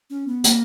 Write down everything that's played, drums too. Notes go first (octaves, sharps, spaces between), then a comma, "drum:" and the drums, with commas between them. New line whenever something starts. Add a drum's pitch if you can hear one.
C#4
B3
A#3, drum: hi-hat